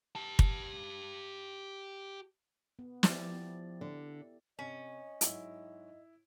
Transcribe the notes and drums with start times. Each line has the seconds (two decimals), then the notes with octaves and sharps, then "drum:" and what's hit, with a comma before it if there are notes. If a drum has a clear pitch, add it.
0.16 G4 A5
0.39 drum: kick
2.79 B3
3.03 F3 E4 G4 D5, drum: snare
3.81 D3
4.59 C3 C#4 D#5
5.21 G#2 F#3 E4, drum: hi-hat